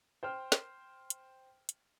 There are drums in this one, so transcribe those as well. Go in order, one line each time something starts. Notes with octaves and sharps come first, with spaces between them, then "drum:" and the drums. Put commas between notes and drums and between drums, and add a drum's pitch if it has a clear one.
C5 G5 F6
drum: snare
drum: hi-hat
drum: hi-hat